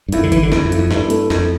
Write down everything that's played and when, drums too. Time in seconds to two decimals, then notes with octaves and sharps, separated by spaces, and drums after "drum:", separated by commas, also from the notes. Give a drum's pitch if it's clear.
0.08 G2
0.12 F2 E4, drum: hi-hat
0.23 D3
0.32 E3 E4, drum: kick F#1, hi-hat
0.43 D3
0.52 E2 A3, drum: snare
0.65 F2
0.72 E4, drum: hi-hat
0.78 F2
0.91 G2 E4, drum: snare
1.10 A3, drum: hi-hat
1.30 F2 A3, drum: snare